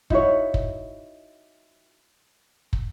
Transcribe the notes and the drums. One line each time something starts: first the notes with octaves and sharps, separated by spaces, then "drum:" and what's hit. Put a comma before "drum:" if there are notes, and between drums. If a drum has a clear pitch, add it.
D#4 E4 F#4 C#5, drum: kick
drum: kick
drum: kick